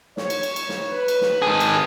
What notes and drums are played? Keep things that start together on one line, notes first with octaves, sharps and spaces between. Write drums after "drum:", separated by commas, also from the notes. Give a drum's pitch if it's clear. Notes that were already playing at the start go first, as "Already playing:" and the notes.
C#5, drum: snare
drum: cymbal
drum: cymbal
drum: cymbal
drum: snare
B4
drum: cymbal
drum: snare
D#3 G#4
drum: cymbal